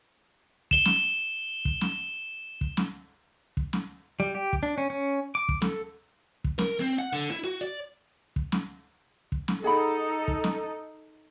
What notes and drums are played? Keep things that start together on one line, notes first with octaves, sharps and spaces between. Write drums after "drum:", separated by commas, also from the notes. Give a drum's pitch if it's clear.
E7 G7, drum: kick
drum: snare
drum: kick
drum: snare
drum: kick
drum: snare
drum: kick
drum: snare
G3
G4
drum: kick
D4
C#4
C#4
D6
drum: kick
A4, drum: snare
drum: kick
A#4, drum: snare
C4
F#5
D3
E4
F#4
D5
drum: kick
drum: snare
drum: kick
drum: snare
D#4 G#4 A4 F#5 B5
drum: kick
drum: snare